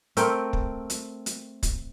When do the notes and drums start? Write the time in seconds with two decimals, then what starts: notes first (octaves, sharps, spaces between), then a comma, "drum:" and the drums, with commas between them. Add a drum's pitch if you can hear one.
0.17 A3 C4 A#4 G5, drum: hi-hat
0.53 drum: kick
0.90 drum: hi-hat
1.26 drum: hi-hat
1.63 drum: kick, hi-hat